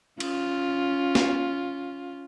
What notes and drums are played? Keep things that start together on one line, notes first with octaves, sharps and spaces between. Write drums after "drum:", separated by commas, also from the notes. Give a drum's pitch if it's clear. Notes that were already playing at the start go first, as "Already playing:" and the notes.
C#4 F4, drum: cymbal
drum: snare